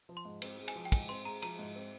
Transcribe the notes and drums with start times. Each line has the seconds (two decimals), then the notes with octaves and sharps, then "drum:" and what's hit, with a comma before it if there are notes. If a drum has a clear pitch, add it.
0.09 F3
0.17 C6
0.25 G#2
0.42 C4, drum: cymbal
0.58 G#3
0.68 G#5, drum: cymbal
0.76 F3
0.85 G5
0.92 G#2 G#5, drum: kick, cymbal
1.09 C4 C6
1.25 G#3 A#5
1.42 F3 A#5, drum: cymbal
1.59 G#2
1.75 C4